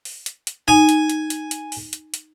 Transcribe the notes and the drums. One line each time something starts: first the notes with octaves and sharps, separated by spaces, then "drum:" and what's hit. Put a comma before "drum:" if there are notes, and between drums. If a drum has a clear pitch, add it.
drum: open hi-hat
drum: hi-hat
drum: hi-hat
D#4 G#5
drum: hi-hat
drum: hi-hat
drum: hi-hat
drum: hi-hat
drum: open hi-hat
drum: hi-hat
drum: hi-hat